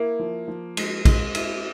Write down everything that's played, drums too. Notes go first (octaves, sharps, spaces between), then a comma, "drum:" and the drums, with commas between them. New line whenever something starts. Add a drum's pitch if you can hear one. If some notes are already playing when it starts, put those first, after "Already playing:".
Already playing: A#3 E4
F3
F3
G#3, drum: cymbal
G#3, drum: kick A#1, cymbal
E4, drum: cymbal